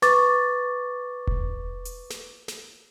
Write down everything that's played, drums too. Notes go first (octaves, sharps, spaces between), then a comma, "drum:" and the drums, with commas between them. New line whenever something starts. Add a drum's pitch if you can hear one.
B4 C#6 D6 A6, drum: snare
drum: kick E1
drum: hi-hat
drum: snare
drum: snare